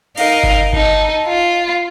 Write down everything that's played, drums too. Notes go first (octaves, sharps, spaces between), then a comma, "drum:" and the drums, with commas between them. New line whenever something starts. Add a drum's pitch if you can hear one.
D#4 A#4 D#5 F5, drum: cymbal
drum: kick G1
D#4 A4, drum: kick G1
F4